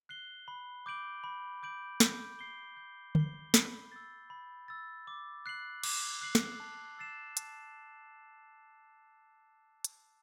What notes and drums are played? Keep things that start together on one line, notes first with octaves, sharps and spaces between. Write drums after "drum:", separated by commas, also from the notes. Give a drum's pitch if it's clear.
F#6 C7 G7
B5
D6 G6 D7 F#7
B5
D6 G6 D7 F#7
G6, drum: snare
C7 G7
G6
C7 G7, drum: tom D3
B5, drum: snare
E6 A6
B5
E6 A6
D6
F#6 C7 F#7
D6, drum: cymbal
F#6 C7 F#7
drum: snare
A5
E6 A6 C7 E7
A5, drum: hi-hat
drum: hi-hat